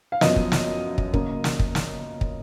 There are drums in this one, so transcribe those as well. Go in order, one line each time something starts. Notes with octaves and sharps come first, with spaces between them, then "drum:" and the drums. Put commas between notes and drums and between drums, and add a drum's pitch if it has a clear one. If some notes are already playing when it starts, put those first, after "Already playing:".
F5
F#2 F3 B3 D#5, drum: snare
drum: kick
drum: snare
drum: kick
C#3 A#3, drum: kick
drum: snare
drum: kick
drum: snare
drum: kick